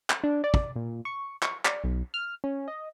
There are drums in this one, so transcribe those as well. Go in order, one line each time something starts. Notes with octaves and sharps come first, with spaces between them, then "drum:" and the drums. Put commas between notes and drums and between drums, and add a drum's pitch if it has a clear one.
drum: clap
D4
D5
drum: kick
A#2
C#6
C#6, drum: clap
D5, drum: clap
B1
F6
C#4
D#5